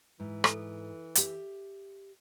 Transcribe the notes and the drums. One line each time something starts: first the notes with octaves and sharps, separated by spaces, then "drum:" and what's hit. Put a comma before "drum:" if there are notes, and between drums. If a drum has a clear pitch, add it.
G#2 E3
A4, drum: rim click
G4 E5, drum: hi-hat